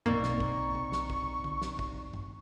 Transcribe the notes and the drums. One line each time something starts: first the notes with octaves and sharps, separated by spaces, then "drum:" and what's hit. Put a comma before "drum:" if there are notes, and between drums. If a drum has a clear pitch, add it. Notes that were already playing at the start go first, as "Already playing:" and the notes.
B1 A#3 C4 D#4 D5 A#5 C#6, drum: tom G2
drum: snare
drum: kick
drum: tom
drum: snare
drum: kick
drum: tom
drum: snare
drum: kick
drum: tom G2